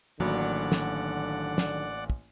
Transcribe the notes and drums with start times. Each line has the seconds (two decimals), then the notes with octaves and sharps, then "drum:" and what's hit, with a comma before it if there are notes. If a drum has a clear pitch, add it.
0.20 A1 D3 D#3 F#3 A#3 D5 F#5 B5
0.72 drum: snare
1.58 drum: snare
2.10 drum: kick